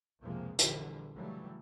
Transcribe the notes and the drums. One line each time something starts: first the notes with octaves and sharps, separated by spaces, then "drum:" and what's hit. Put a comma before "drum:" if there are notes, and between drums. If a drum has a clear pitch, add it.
B1 F2 C3 F3 G#3 A#3
A#1 E2 D3 E3 F3 G3, drum: hi-hat
C#3 E3 F#3 G3 A3